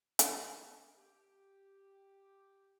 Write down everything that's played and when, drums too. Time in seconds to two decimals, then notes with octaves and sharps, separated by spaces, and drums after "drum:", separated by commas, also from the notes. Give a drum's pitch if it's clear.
0.19 drum: hi-hat
0.31 D4 D#4 A#4
0.97 G4